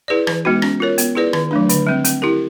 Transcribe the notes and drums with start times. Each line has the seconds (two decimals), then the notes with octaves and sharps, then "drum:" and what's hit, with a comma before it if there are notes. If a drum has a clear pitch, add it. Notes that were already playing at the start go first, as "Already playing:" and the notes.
0.08 E4 G#4 B4 D5
0.27 E3, drum: rim click
0.45 G#3 B3 D#4 F#4
0.62 C#4, drum: rim click
0.80 F4 A#4 C#5
0.98 B3, drum: hi-hat
1.15 E4 G#4 B4 D5
1.33 D#3, drum: rim click
1.51 F#3 A3 D4
1.69 D3, drum: hi-hat
1.87 G3 C4
2.05 C4, drum: hi-hat
2.22 E4 G4 A#4